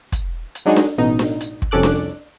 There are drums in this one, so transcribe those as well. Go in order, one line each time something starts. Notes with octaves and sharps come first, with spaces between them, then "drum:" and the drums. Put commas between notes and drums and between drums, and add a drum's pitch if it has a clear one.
drum: kick, hi-hat
drum: hi-hat
F#3 G#3 D4 D#4 F#4 G#4
drum: snare D4
A1 B2 D#4
drum: snare D4
drum: hi-hat
drum: kick
C2 F2 C#4 A4 D6 F#6
drum: snare D4